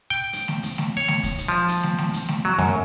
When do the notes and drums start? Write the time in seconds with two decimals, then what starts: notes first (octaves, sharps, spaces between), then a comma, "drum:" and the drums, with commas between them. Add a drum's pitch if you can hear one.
0.10 G5
0.33 drum: hi-hat
0.48 drum: snare
0.63 drum: hi-hat
0.78 drum: snare
0.97 C#5
1.08 drum: snare
1.23 drum: kick, hi-hat
1.38 drum: hi-hat
1.48 F3
1.68 drum: hi-hat
1.83 drum: snare
1.98 drum: snare
2.13 drum: hi-hat
2.29 drum: snare
2.45 F#3
2.59 F#2, drum: snare